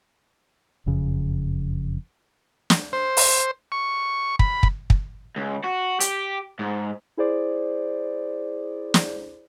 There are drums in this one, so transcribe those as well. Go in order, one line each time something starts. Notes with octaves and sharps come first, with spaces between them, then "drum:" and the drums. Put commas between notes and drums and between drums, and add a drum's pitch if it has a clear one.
F#1 F2 C#3
drum: snare
C5
drum: open hi-hat
C#6
B5, drum: kick
drum: kick
drum: kick
C#2
F#4
G4, drum: hi-hat
G#2
E4 G#4 C5 D5
drum: snare